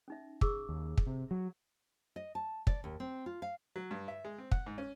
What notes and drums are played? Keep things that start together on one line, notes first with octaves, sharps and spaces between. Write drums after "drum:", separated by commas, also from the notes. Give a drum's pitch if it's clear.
C#4 D#4 E5
G#4 D6 E6, drum: kick
D#2
drum: kick
C3
F#3
D#5
A5
D5, drum: kick
D#2
C4
F4
F5
F#3
G2
E5
G#3
C4
F#5, drum: kick
G#2
C#4